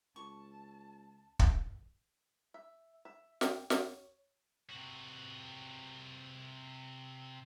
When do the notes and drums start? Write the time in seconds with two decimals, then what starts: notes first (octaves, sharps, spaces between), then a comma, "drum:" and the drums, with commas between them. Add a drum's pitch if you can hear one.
0.16 C#2 A5 C#6
1.39 drum: kick
2.54 E5
3.05 E5
3.41 G5, drum: snare
3.70 C#5, drum: snare
4.70 C3 F#4